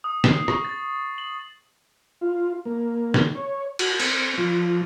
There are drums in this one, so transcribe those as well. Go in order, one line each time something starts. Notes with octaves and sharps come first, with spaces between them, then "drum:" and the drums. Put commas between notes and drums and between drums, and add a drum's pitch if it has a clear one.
D#6
C7, drum: snare
C#6, drum: rim click
A6
F#7
F4
A#3
drum: snare
C#5
F#4, drum: cymbal
C4, drum: cymbal
F3